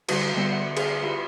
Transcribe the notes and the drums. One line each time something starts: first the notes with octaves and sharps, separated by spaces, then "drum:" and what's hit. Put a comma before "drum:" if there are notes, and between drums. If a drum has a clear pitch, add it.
D3 G3 E4 F#4, drum: cymbal
D3 G3 B3 E5 G5 E6
F#5
G#4 F5, drum: cymbal
E4 F4 G4 B4